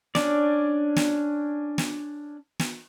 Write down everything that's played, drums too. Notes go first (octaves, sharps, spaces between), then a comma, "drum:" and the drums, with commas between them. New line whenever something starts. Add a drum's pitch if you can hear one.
C#4 D4 D5, drum: snare
drum: snare
drum: snare
drum: snare